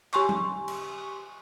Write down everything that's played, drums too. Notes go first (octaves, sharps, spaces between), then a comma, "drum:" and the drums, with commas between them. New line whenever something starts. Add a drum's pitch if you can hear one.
G4 G#5 C6 C#6, drum: clap
drum: tom F#3
drum: cymbal